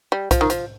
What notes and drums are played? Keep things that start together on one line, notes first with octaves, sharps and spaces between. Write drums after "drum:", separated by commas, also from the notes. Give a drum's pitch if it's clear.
G3
F3, drum: kick B1, hi-hat
D#3
F3, drum: hi-hat